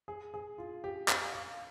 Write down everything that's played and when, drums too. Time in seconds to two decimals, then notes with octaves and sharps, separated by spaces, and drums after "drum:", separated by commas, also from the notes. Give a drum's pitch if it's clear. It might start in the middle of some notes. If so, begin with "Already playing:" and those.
0.08 G#4
0.34 G#4
0.58 F4
0.84 G4
1.08 F5, drum: clap
1.34 F5